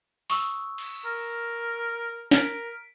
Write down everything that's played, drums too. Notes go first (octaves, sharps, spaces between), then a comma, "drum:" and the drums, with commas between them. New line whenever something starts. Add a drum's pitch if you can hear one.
C#6 D#6 E6, drum: open hi-hat
drum: cymbal
A#4
A#4 B6 D7, drum: snare